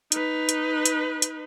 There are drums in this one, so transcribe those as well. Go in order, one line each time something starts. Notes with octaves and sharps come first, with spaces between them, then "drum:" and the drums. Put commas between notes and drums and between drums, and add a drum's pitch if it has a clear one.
D#4 B4, drum: hi-hat
drum: hi-hat
drum: hi-hat
drum: hi-hat